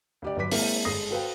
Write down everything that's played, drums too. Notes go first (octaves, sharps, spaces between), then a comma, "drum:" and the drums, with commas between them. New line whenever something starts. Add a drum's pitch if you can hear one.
D2 G4 D5
G1 F#3 B4 D6 B6
G#3 A#3 C4 E4 A#4, drum: open hi-hat
G1 G#3 A4 D#6 A#6 C7
F#4 A4 B4 C5 F5 G5